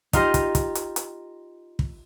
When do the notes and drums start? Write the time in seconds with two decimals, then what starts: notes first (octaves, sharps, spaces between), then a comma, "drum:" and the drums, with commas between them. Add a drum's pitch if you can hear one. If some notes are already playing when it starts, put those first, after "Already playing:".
0.13 D#4 F4 G4 D#5, drum: kick, hi-hat
0.34 drum: kick, hi-hat
0.55 drum: kick, hi-hat
0.75 drum: hi-hat
0.96 drum: hi-hat
1.79 drum: kick